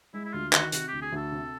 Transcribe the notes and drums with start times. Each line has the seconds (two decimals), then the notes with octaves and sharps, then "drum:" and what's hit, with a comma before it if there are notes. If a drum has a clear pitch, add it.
0.13 G#3 E4
0.25 E4
0.33 D2 F4
0.53 D#3 F#4, drum: clap
0.72 C3 F#4, drum: hi-hat
0.88 D2 G4
1.02 G#4
1.12 D2 A4
1.32 C3